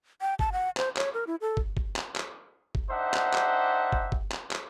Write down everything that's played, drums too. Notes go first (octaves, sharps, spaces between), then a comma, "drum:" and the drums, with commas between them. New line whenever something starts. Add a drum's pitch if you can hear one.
G5
A5, drum: kick
F#5
C5, drum: clap
C#5, drum: clap
A#4
E4
A4
drum: kick
drum: kick
drum: clap
drum: clap
drum: kick
D4 D#4 G4 C5 E5 F#5
drum: clap
drum: clap
drum: kick
drum: kick
drum: clap
drum: clap